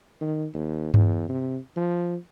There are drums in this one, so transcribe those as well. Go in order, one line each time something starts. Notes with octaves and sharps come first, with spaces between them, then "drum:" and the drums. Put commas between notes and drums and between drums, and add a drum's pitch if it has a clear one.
D#3
D#2
E2, drum: tom G2
C3
F3